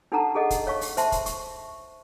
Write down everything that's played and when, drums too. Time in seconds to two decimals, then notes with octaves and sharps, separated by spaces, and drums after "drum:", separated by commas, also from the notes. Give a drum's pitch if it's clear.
0.12 D4 D#4 A4 F#5 A5 A#5
0.35 G#4 A4 D#5 F#5
0.50 drum: kick, hi-hat
0.67 C#5 F5 C#6
0.81 drum: open hi-hat
0.97 C5 E5 A5 C6, drum: hi-hat
1.12 drum: kick, hi-hat
1.26 C#6, drum: hi-hat